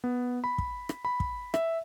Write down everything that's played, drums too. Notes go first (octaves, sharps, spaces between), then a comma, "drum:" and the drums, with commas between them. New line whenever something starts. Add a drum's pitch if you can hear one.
B3
B5
drum: kick
drum: rim click
B5
drum: kick
E5, drum: rim click